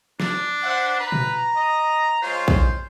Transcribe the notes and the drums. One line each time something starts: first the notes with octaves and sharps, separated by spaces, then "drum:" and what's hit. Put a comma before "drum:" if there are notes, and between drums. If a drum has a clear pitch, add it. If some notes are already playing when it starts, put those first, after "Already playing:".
D4, drum: snare
C5 E5 F#5
B4 A#5
drum: tom A#2
D#5
G#3 F4 C5 C#5
drum: kick A#1